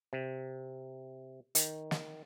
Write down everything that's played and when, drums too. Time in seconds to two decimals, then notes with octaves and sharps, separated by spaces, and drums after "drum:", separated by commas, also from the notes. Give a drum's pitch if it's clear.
0.13 C3
1.55 D#3, drum: hi-hat
1.91 drum: snare